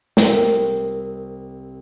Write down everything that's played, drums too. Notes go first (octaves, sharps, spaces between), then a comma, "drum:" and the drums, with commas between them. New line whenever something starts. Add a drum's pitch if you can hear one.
C2 F4 A#4 C5 E5 G5, drum: snare